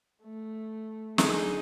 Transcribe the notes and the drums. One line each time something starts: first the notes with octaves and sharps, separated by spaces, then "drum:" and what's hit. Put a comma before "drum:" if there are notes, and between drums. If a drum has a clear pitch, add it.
A3
D3 D#4 G#4, drum: snare